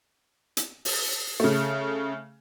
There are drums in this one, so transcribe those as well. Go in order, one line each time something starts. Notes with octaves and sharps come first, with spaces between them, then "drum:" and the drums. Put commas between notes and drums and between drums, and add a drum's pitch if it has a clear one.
drum: hi-hat
drum: open hi-hat
C#3 A3